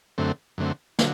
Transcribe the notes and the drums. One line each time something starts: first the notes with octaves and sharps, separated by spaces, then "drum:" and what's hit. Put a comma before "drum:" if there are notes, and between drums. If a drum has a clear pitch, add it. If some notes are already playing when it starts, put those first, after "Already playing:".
F#2 D3 A3 C4
F#2 D3 A3 C4
D3 F#3, drum: snare